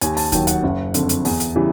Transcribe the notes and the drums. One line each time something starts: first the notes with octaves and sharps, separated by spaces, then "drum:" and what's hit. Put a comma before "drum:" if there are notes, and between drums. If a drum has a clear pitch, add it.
D#2 G#5, drum: hi-hat
A5, drum: open hi-hat
D#3 F#3 G5, drum: kick D2, hi-hat
F#5, drum: hi-hat
F#1
F2 D3, drum: hi-hat
drum: hi-hat
E2, drum: open hi-hat
drum: hi-hat
C#3 E3 G3